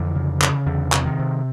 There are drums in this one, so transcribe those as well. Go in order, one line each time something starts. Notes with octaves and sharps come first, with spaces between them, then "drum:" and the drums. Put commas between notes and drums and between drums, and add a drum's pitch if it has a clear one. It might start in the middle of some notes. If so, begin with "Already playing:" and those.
Already playing: F2 D3 E3
C#3
C#3, drum: clap
E2 D3
C3, drum: clap
D#3
C3